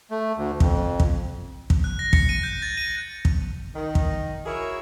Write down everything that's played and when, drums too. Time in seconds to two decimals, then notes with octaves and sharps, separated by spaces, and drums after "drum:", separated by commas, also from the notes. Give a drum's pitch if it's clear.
0.11 A3
0.37 D2
0.60 F2, drum: kick
1.00 drum: kick
1.70 drum: kick
1.84 F#6
1.99 A#6
2.13 C#7, drum: kick
2.29 D#7
2.43 G6
2.62 A6
2.77 D#7
3.25 drum: kick
3.75 D#3 D#4
3.95 drum: kick
4.46 E4 F#4 G#4 A#4 C#5 E5